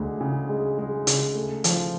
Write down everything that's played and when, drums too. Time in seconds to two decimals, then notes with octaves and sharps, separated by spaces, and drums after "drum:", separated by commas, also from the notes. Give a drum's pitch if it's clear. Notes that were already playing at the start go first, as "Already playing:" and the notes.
Already playing: D2 G#3
0.20 C#3
0.49 G#3
0.78 G#3
1.07 C#3, drum: hi-hat
1.35 A3
1.64 F3, drum: hi-hat